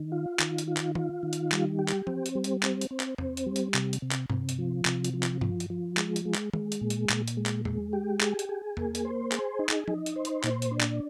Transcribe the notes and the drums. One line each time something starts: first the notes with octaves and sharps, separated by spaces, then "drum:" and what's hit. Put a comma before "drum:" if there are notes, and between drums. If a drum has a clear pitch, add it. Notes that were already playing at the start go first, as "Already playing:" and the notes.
Already playing: D#3
F4
D#3, drum: clap
drum: hi-hat
F4
drum: clap
F4, drum: tom
D#3
drum: hi-hat
G3, drum: clap
G4
drum: clap
C4, drum: tom F3
drum: hi-hat
G3
drum: hi-hat
C4, drum: clap
drum: hi-hat
C4
drum: clap
C4, drum: tom E2
drum: hi-hat
G3
drum: hi-hat
C3, drum: clap
drum: hi-hat
C3
drum: clap
C3, drum: tom
drum: hi-hat
F3
C3, drum: clap
drum: hi-hat
F3
drum: clap
F3, drum: tom
drum: hi-hat
F3
G#3, drum: clap
drum: hi-hat
G#3
drum: clap
G#3, drum: tom
drum: hi-hat
A#2
drum: hi-hat
A#2, drum: clap
drum: hi-hat
G#3
drum: clap
G#3, drum: tom E2
G4
G#4, drum: clap
drum: hi-hat
G#4
A#3, drum: tom E2
drum: hi-hat
C5
G#4, drum: clap
D#4
drum: clap
D#4, drum: tom F3
drum: hi-hat
C5
drum: hi-hat
A#2, drum: clap
drum: hi-hat
D4
drum: clap